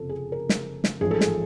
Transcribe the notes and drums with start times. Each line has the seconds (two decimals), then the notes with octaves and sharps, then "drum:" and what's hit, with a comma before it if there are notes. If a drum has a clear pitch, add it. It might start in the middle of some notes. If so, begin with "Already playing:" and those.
Already playing: F#1 F2 C3 F3 A4
0.09 G#4
0.32 A#4
0.49 drum: snare
0.84 drum: snare
1.01 A1 G#2 F3 G#4
1.11 A4
1.21 G#4, drum: snare